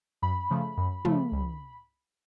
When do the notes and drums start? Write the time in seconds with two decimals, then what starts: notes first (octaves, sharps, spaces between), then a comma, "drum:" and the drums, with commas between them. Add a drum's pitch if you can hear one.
0.22 F#2 B5
0.50 C#3 F3 A3
0.77 F#2
1.05 C#3 F3 A3, drum: tom
1.32 C#2